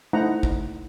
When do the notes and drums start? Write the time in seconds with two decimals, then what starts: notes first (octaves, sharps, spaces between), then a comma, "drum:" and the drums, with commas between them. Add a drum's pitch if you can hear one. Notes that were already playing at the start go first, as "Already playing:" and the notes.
0.13 A3 D#4 E4 C5 F#5 A#5
0.43 drum: kick